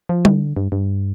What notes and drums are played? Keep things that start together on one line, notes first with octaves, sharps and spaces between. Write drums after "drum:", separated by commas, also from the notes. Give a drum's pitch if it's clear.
F3
D3, drum: tom G3
G2
G2